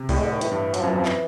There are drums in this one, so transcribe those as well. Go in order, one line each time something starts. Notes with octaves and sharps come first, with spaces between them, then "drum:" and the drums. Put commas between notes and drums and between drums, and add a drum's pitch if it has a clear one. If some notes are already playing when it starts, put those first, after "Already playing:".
Already playing: C3
A2 G3, drum: kick C2, open hi-hat
G#3
D3
D#3
A2 E3, drum: hi-hat
G2
F#3, drum: hi-hat
F#2 F3
E3
F2 F3
E3, drum: clap